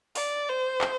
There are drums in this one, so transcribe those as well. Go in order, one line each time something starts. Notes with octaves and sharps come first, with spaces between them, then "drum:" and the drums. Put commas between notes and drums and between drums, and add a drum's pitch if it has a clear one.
D5, drum: open hi-hat
C5
drum: clap